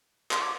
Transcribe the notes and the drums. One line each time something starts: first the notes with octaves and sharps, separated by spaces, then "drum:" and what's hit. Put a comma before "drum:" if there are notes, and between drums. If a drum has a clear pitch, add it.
C6, drum: clap
D6